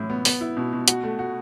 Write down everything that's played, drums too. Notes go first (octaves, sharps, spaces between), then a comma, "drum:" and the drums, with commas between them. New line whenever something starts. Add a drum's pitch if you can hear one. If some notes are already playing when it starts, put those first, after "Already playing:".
Already playing: A2 E3 F#3 E4
B3
B3, drum: open hi-hat
E4
B2
B2
F#4, drum: hi-hat
A3
F#4